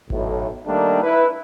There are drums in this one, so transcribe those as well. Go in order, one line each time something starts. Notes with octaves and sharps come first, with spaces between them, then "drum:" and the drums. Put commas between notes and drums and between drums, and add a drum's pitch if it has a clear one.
B1 A2, drum: kick G#1
D#3 G3 A3 A#3 D4 D#4
E4 B4